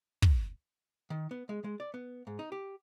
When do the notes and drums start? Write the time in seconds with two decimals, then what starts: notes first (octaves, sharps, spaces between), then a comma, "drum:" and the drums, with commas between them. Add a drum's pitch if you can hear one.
0.22 drum: kick
1.10 D#3
1.31 B3
1.49 G#3
1.64 G#3
1.80 D5
1.94 B3
2.27 G#2
2.39 D#4
2.52 G4